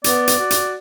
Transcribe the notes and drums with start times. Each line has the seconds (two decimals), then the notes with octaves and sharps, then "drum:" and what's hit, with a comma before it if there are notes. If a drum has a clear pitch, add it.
0.04 B3 D5, drum: hi-hat
0.27 drum: hi-hat
0.39 F#4
0.50 drum: hi-hat